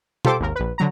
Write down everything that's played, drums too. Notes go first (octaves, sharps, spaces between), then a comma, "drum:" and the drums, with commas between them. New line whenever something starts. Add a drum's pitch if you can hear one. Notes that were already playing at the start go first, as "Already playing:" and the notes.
F4 G4 A4 C5 D6, drum: tom B2
G#1 D#2 A#4
A#1 B4
D3 F#3 A#5